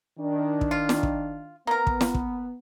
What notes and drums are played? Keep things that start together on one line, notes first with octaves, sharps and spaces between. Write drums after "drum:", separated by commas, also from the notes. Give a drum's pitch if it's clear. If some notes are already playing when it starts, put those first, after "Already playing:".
D#3 D4
drum: kick
F4
drum: snare
drum: kick
A#3 B3 A#4
drum: kick
drum: snare
drum: kick